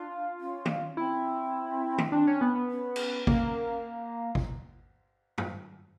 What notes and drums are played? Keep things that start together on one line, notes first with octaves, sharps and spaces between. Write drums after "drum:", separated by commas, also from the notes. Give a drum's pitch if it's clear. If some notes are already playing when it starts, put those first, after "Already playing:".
Already playing: D4 F4
C#4
drum: tom D#3
C4 E4
drum: tom D#3
D4
C#4
B3
B3
C#4
drum: cymbal
A#3, drum: kick G#1
drum: kick G#1
drum: tom F#2